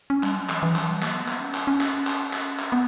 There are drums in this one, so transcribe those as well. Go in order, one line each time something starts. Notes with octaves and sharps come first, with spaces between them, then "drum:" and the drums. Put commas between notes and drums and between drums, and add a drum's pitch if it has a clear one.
C#4
G3, drum: clap
F#3
E3, drum: clap
E3
F#3, drum: clap
G3
A#3, drum: clap
B3
drum: clap
C#4
drum: clap
C#4
drum: clap
drum: clap
drum: clap
drum: clap
B3